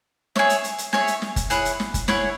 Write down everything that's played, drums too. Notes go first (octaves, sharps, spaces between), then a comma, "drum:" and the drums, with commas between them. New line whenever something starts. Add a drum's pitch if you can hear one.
G#4 C#5 E5, drum: snare
drum: hi-hat
drum: hi-hat
drum: hi-hat
G#4 C#5 E5, drum: snare
drum: hi-hat
drum: snare
drum: kick F#1, hi-hat
E4 G#4 C#5 F#5, drum: hi-hat
drum: hi-hat
drum: snare
drum: kick F#1, hi-hat
E4 G#4 C#5 F#5, drum: snare